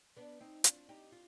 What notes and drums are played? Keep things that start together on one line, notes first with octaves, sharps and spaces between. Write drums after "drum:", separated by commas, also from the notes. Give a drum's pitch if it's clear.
B3 D4
C4 D#4
D4 F4, drum: hi-hat
D#4 G4
F4